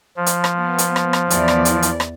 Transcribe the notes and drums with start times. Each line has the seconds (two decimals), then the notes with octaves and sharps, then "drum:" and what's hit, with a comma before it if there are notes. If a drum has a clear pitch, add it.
0.17 F3
0.26 drum: hi-hat
0.44 drum: rim click
0.57 B3
0.78 drum: hi-hat
0.96 drum: rim click
1.13 drum: rim click
1.30 E2 E3 D5, drum: hi-hat
1.48 drum: rim click
1.65 drum: hi-hat
1.82 drum: hi-hat
2.00 drum: rim click